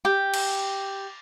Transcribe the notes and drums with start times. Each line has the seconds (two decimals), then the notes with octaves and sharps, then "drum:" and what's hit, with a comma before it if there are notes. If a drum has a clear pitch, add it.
0.05 G4
0.34 drum: cymbal